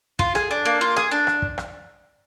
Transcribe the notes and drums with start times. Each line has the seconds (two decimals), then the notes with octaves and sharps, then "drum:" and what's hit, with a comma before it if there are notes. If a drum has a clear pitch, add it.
0.19 F4, drum: kick
0.35 G#4, drum: rim click
0.51 D4
0.65 A#3
0.81 F4
0.96 G#4, drum: rim click
1.11 D4
1.27 drum: rim click
1.42 drum: kick
1.58 drum: rim click